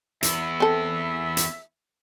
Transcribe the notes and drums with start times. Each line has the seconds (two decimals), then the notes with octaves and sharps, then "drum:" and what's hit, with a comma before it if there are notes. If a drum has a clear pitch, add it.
0.23 E2 B3 E5, drum: hi-hat
0.60 C4 A4
1.37 drum: hi-hat